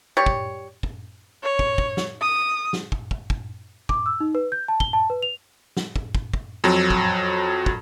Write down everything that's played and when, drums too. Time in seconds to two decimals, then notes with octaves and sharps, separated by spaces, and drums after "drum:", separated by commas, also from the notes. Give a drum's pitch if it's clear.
0.17 G3 C#5
0.26 drum: kick
0.83 drum: kick
1.43 C#5
1.59 drum: kick
1.78 drum: kick
1.97 drum: snare
2.21 D#6
2.73 drum: snare
2.92 drum: kick
3.11 drum: kick
3.30 drum: kick
3.89 D6, drum: kick
4.06 E6
4.20 D#4
4.35 B4
4.52 G6
4.68 A5
4.80 G7, drum: kick
4.93 A5
5.10 B4
5.22 F7
5.77 drum: snare
5.96 drum: kick
6.15 drum: kick
6.34 drum: kick
6.64 F2 F#3
6.90 drum: kick
7.66 drum: kick